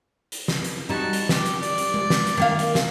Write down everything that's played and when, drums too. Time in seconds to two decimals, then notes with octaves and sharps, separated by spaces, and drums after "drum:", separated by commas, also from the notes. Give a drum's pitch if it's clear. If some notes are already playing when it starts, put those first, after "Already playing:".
0.32 drum: hi-hat
0.48 drum: snare
0.64 drum: hi-hat
0.89 G3 D#4 F#4 A5
1.13 drum: hi-hat
1.29 G4, drum: snare
1.45 drum: hi-hat
1.63 D5, drum: hi-hat
1.78 drum: hi-hat
1.94 drum: tom G#3
2.10 drum: snare
2.27 drum: hi-hat
2.37 D#3 A#3 F5
2.59 drum: hi-hat
2.75 drum: snare